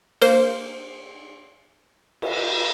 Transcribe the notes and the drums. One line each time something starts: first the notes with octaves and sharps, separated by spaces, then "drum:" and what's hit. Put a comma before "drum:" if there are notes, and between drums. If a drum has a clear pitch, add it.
A#3 C5, drum: cymbal
drum: cymbal